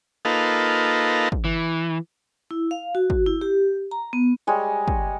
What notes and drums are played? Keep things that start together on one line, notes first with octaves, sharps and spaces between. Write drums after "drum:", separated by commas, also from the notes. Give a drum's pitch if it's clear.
A#3 D#4 F4 A4 B4
drum: kick
E3
E4
F5
F#4
drum: kick
E4
G4
A#5
B3
G3 G#3 C#5
drum: kick